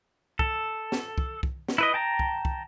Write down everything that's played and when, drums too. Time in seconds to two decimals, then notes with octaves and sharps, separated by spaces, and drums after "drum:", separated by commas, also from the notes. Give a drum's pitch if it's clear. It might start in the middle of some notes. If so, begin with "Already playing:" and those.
0.39 A4, drum: kick
0.92 drum: snare
1.18 drum: kick
1.43 drum: kick
1.68 drum: snare
1.78 E4 B4 D#5
1.94 G5 A5 A#5
2.19 drum: kick
2.45 drum: kick